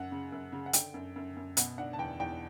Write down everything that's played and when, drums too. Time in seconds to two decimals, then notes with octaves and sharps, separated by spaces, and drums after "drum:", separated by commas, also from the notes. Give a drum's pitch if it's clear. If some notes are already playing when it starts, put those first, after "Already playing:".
Already playing: F#2 F#5
0.11 C#3
0.32 F#2
0.52 C#3
0.66 F#5
0.73 D3 G5, drum: hi-hat
0.94 F#2
1.16 F#2
1.37 F#2
1.57 B2 F#5, drum: hi-hat
1.78 D4 F#5
1.93 A5
1.99 E2 G5
2.20 E2 G5